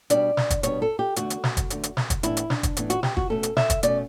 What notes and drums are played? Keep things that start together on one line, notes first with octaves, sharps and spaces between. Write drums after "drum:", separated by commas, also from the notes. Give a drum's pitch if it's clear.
B2 G3 B3 D4 D5, drum: hi-hat
drum: snare
drum: kick, hi-hat
B2 G3 B3 D4 C#5, drum: hi-hat
A4
G4
E2 D3 A3 F#4, drum: hi-hat
drum: hi-hat
drum: snare
drum: kick, hi-hat
E2 D3 A3, drum: hi-hat
drum: hi-hat
drum: snare
drum: kick, hi-hat
A2 E3 B3 D4 E4, drum: hi-hat
drum: hi-hat
D4, drum: snare
drum: kick, hi-hat
A2 E3 B3 D4, drum: hi-hat
F#4, drum: hi-hat
G4, drum: snare
F#4, drum: kick
B2 A3 C#4 A4
drum: hi-hat
E5, drum: snare
drum: kick, hi-hat
B2 A3 C#4 D5, drum: hi-hat